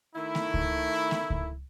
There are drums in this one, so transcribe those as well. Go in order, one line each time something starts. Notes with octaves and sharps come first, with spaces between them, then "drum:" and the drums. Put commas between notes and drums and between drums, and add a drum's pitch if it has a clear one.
D#3 A3 E4
drum: snare A3
drum: kick C#2
drum: snare A3
drum: kick C#2